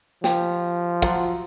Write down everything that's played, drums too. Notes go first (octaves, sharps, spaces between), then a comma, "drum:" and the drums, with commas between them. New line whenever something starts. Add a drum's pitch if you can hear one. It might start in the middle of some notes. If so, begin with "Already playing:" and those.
F3 G4, drum: snare
F#3 F4 F#5, drum: kick